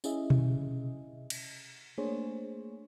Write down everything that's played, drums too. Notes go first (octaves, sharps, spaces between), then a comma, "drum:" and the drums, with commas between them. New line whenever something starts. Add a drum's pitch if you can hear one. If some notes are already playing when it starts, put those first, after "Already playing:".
C#4 E4 G#4 D#5 E5, drum: tambourine
drum: tom B2
drum: cymbal
A3 A#3 D4 G#4 C5 C#5